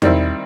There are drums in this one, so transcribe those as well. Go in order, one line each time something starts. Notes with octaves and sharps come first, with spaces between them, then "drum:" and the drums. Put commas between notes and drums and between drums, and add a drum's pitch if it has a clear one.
D#3 G3 C4 E4, drum: tom E2